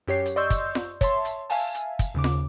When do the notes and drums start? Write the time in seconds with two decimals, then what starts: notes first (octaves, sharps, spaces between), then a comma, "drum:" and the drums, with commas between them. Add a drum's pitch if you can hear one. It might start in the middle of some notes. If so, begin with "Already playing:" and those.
0.07 F#2 G4 C#5 C7
0.26 drum: hi-hat
0.36 D5 D#5 C6 C#6 E6 G6
0.50 drum: kick, hi-hat
0.75 drum: snare F4
1.01 C#5 E5 A5 C6, drum: kick, hi-hat
1.25 drum: hi-hat
1.50 E5 F5 G#5 A5, drum: open hi-hat
1.74 drum: hi-hat
1.99 drum: kick, hi-hat
2.15 D#2 C#3 D6
2.24 drum: snare F4